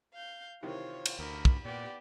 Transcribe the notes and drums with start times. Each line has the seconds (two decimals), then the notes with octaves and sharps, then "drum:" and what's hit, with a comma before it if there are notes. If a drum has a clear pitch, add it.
0.13 F5 G6
0.63 C3 D#3 E3 F4 C5 C#5
1.06 drum: cymbal
1.19 D2 A#4 B5
1.45 drum: kick
1.65 A#2 B3 G4 D5